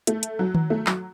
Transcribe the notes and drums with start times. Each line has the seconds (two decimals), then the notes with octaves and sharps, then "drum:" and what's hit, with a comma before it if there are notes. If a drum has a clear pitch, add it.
0.07 A3, drum: hi-hat
0.23 drum: hi-hat
0.39 F#3
0.55 drum: tom D#3
0.70 A3
0.86 F#3, drum: clap